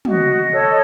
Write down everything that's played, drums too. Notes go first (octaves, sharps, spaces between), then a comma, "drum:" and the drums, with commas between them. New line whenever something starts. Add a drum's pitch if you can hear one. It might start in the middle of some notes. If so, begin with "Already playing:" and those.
F#4 D#5, drum: tom
A4 C#5